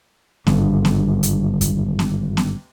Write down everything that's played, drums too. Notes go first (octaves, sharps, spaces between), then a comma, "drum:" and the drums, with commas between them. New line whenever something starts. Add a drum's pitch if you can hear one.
G#1 G2 D3, drum: snare B3
drum: snare B3
drum: hi-hat
drum: kick F2, hi-hat
drum: snare B3
drum: snare B3